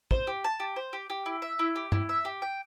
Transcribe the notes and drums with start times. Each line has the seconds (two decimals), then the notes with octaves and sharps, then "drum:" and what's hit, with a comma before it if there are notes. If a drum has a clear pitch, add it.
0.11 C5, drum: kick
0.27 G4
0.44 A5
0.60 G4
0.76 C5
0.93 G4
1.10 G4
1.26 E4
1.42 E5
1.59 E4
1.76 G4
1.92 E4, drum: tom
2.09 E5
2.25 G4
2.42 G5